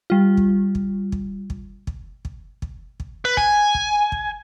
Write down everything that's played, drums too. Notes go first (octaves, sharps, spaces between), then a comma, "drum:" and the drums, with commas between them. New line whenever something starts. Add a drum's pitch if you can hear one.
G3 F4
drum: kick
drum: kick
drum: kick
drum: kick
drum: kick
drum: kick
drum: kick
drum: kick
B4
G#5, drum: kick
drum: kick
drum: kick